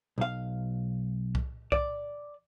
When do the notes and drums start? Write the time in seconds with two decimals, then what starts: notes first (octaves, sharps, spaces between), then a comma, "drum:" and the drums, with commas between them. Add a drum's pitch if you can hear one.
0.18 B1 F5
1.35 drum: kick C2
1.72 D5, drum: kick C2